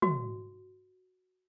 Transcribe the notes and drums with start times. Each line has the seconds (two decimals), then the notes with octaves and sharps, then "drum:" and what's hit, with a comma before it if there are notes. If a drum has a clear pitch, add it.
0.02 F#4, drum: tom